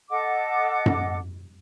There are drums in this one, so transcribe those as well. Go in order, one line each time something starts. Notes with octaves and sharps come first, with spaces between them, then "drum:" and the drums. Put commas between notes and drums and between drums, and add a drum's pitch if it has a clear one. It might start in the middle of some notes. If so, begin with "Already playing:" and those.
A4 D#5 F#5 D6
drum: tom F#2